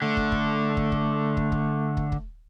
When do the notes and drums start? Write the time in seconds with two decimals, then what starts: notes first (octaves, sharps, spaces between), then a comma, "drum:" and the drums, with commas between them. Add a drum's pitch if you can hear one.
0.02 D3 A3
0.17 drum: kick
0.32 drum: kick
0.77 drum: kick
0.92 drum: kick
1.37 drum: kick
1.52 drum: kick
1.97 drum: kick
2.12 drum: kick